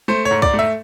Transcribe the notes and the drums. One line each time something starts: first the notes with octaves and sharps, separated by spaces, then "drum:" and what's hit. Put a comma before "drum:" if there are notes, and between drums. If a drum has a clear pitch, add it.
A3 C5
C#5
G#2
D5, drum: kick C2
A3
E5